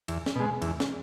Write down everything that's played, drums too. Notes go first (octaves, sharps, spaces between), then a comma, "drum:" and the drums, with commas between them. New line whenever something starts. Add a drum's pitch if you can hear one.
E2, drum: cymbal
drum: snare
B2 G#3
E2, drum: cymbal
drum: snare